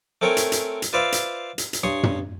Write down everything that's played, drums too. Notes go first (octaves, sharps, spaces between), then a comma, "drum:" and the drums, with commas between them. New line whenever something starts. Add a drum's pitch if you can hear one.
A3 C4 A#4 C#5 G5 G#5
drum: hi-hat
drum: hi-hat
drum: hi-hat
F4 B4 C5 D5 E5 F5
drum: hi-hat
drum: hi-hat
drum: hi-hat
G2 C#5 C6 C#6 D#6
drum: tom